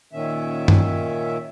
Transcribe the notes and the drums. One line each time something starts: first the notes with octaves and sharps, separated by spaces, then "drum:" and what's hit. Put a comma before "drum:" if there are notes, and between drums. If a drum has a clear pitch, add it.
A#2 D#3 C#4 E5
drum: tom G2